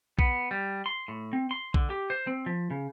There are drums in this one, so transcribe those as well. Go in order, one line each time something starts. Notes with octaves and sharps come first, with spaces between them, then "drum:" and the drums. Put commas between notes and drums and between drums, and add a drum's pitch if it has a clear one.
B3, drum: kick A#1
G3
C6
A2
C4
C6
D3, drum: kick A#1
G4
C5
C4
F3
C#3